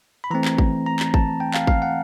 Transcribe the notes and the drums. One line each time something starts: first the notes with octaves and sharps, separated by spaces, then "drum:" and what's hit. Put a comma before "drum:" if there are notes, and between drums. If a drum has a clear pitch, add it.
B5
E3 A3 C4 A#5
drum: clap
drum: kick G#1
A#5
drum: clap
A5, drum: kick G#1
G5
F5, drum: clap
F5, drum: kick G#1
F#5